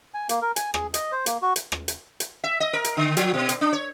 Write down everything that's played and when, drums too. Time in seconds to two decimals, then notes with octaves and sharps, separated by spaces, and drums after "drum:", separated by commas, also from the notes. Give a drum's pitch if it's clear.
0.14 G#5
0.29 A#3, drum: hi-hat
0.42 A#4
0.56 G#5, drum: hi-hat
0.74 G#4, drum: rim click
0.94 D#5, drum: hi-hat
1.12 C5
1.26 A#3, drum: hi-hat
1.42 F#4
1.56 drum: hi-hat
1.72 drum: rim click
1.88 drum: hi-hat
2.20 drum: hi-hat
2.44 E5
2.60 D#5
2.73 A#4
2.84 drum: hi-hat
2.97 D3
3.17 F3, drum: hi-hat
3.34 B2
3.49 drum: hi-hat
3.61 D4
3.73 C#5